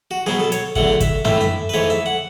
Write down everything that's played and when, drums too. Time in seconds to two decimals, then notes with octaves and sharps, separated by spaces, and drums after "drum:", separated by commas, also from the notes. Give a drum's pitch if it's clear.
0.11 F#4
0.26 B2 F#3 B3 G#4, drum: snare
0.39 A4
0.52 C#5, drum: hi-hat
0.76 E2 D3 F#3 A3 F#5, drum: kick
1.01 E5, drum: kick, hi-hat
1.25 A2 E3 A3 E5, drum: tom
1.41 E5
1.69 B4
1.74 G#2 E3 A3 C#5
1.90 E5
2.06 F#5